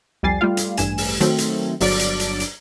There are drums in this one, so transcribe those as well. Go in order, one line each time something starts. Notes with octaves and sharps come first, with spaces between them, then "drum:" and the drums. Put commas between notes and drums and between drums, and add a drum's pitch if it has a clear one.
C2 F2 G3 G#5 A6 C7
G3 A3 F4 F5
drum: hi-hat
A1 G2 G#5 E7, drum: hi-hat
drum: open hi-hat
D#3 F#3 A3 C4, drum: hi-hat
drum: hi-hat
G1 F#3 D4 D5 D7, drum: open hi-hat
drum: hi-hat
drum: hi-hat
drum: hi-hat